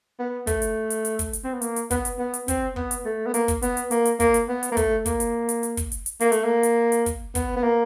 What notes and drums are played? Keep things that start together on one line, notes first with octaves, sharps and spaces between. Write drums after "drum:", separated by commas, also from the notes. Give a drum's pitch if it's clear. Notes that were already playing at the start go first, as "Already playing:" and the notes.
B3
A3, drum: kick, hi-hat
drum: hi-hat
drum: hi-hat
drum: hi-hat
drum: kick, hi-hat
drum: hi-hat
C4
B3
A#3, drum: hi-hat
drum: hi-hat
B3, drum: kick, hi-hat
drum: hi-hat
B3
drum: hi-hat
C4, drum: kick, hi-hat
B3, drum: kick
drum: hi-hat
A3
B3
A#3, drum: hi-hat
drum: kick, hi-hat
B3, drum: hi-hat
drum: hi-hat
A#3, drum: hi-hat
drum: hi-hat
A#3, drum: kick, hi-hat
drum: hi-hat
B3
drum: hi-hat
A#3
A3, drum: kick, hi-hat
A#3, drum: kick, hi-hat
drum: hi-hat
drum: hi-hat
drum: hi-hat
drum: kick, hi-hat
drum: hi-hat
drum: hi-hat
A#3, drum: hi-hat
A3, drum: hi-hat
A#3
drum: hi-hat
drum: hi-hat
drum: kick, hi-hat
B3, drum: kick, hi-hat
B3
A#3